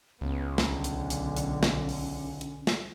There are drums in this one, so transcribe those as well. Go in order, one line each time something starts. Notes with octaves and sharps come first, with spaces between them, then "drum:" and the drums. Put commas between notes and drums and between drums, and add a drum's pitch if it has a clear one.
C#2 B3 C#4
B1 D3, drum: snare
drum: hi-hat
drum: hi-hat
drum: hi-hat
drum: snare
drum: open hi-hat
drum: hi-hat
drum: snare